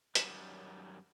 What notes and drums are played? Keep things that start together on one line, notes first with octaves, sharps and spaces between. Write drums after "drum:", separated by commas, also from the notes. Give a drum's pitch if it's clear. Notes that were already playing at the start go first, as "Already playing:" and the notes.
F#2 D#3 F#3 G3, drum: hi-hat